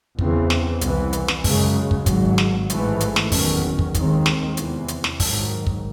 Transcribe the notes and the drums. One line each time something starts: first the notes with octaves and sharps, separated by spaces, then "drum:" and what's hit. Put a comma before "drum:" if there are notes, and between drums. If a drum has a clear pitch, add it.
E2 C#3 E3 C4, drum: kick
drum: snare
C2 C3 E3, drum: hi-hat
drum: hi-hat
drum: snare
F#2 C#3 G#3, drum: kick, open hi-hat
drum: kick
G#1 G#2 F#3, drum: kick, hi-hat
drum: snare
A1 G#2 E3 A3, drum: hi-hat
drum: hi-hat
drum: snare
F#1 E2 D#3 F#3 C#4, drum: kick, open hi-hat
drum: kick
D#2 D#3 G#3 C4, drum: kick, hi-hat
drum: snare
E2 C3 E3 C4, drum: hi-hat
drum: hi-hat
drum: snare
G#2 D#3 F#3, drum: kick, open hi-hat
drum: kick